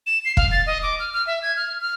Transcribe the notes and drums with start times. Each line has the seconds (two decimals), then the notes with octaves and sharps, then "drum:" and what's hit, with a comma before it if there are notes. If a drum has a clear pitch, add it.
0.06 E7
0.25 C7
0.37 F5, drum: kick F1
0.51 A6
0.67 D#5
0.83 D6
0.99 F6
1.13 F6
1.27 E5
1.42 G#6
1.56 F6
1.81 F6